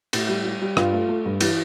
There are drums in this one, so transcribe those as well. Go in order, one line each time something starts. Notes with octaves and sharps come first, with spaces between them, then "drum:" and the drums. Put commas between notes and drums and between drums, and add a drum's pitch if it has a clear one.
A2 E4, drum: cymbal
G3
G3
G3
G2 F4, drum: rim click
A3
A3
G2
E3, drum: cymbal